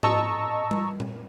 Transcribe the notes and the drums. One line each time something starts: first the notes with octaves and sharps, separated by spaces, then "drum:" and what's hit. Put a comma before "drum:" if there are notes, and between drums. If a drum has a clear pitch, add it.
D#5 A5 A#5 C#6 E6, drum: tom
drum: tom G3
drum: tom A#2